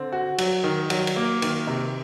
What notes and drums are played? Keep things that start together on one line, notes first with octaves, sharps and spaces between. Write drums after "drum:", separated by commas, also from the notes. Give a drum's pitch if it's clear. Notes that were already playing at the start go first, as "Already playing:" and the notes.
Already playing: D3 C4
F#4
F#3, drum: cymbal
D#3
F#3, drum: cymbal
drum: cymbal
A#3
D#3, drum: cymbal
C3